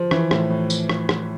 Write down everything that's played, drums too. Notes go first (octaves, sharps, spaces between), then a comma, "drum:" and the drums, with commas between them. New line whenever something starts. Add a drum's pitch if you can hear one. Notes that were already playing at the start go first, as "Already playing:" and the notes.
Already playing: F3
E3, drum: rim click
A2, drum: rim click
A2
drum: tambourine
drum: rim click
drum: rim click